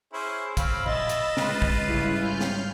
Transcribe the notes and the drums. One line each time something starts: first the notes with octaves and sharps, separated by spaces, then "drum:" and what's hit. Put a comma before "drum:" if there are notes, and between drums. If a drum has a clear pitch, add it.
C#4 E4 G#4 C5
C4 C#4 F5 B5, drum: kick, hi-hat
D#5 E5 B5 A6 E7, drum: tom A#2
drum: hi-hat
C#3 G#3 F4 B4, drum: snare
drum: kick
G#2 C#3 G3 E4
C#4 F6 G6
drum: snare